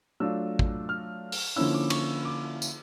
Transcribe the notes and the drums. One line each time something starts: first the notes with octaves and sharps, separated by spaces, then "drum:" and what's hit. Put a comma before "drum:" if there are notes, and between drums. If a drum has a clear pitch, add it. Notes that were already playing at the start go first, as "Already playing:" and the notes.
F#3 A3 D4 F4 E6
drum: kick
F6
drum: open hi-hat
D3 F3 A#3 C#4 E4 E6
D6
C#6, drum: cymbal
D6
drum: tambourine